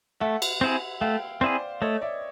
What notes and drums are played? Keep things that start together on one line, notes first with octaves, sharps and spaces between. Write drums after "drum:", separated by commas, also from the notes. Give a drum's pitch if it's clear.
A3 E5 F#5
drum: cymbal
C4 E4 G#4
A3 F5 G5
C4 E4 G#4 C5 D5
A3 C#5 D#5
D5 E5